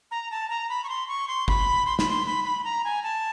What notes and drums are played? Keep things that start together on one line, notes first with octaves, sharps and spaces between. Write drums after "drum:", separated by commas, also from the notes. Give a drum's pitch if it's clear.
A#5
A5
A#5
B5
C#6
C6
C#6
C6
B5, drum: kick
C6
B5, drum: snare
C6
B5
B5
A#5
G#5
A5